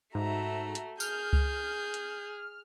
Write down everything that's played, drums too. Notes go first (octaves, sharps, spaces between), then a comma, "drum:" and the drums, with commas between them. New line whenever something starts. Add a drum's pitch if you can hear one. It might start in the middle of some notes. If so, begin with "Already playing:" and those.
G#2 A3 F#4 E5 A#5
drum: hi-hat
G#4 F6 G6, drum: tambourine
drum: kick C#2
drum: hi-hat